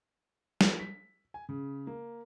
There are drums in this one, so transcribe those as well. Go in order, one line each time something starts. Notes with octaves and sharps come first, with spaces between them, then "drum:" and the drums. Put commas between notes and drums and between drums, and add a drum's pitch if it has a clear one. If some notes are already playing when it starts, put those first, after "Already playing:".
F3, drum: snare
B6
G#5
C#3
A#3